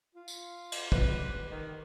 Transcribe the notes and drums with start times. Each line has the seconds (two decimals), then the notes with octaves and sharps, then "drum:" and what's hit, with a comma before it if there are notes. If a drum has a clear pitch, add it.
0.15 F4
0.28 drum: tambourine
0.72 drum: cymbal
0.92 B4, drum: kick
1.51 D#3